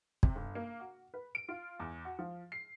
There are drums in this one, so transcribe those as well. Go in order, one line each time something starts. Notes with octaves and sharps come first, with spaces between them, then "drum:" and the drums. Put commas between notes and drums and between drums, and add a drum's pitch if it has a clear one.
C3, drum: kick
G1
A#3
F#4
B4
D7
F4
E2
F#4
F3
C7